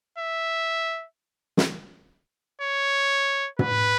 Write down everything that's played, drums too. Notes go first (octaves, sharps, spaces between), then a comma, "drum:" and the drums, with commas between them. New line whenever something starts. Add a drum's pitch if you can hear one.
E5
drum: snare
C#5
B4, drum: tom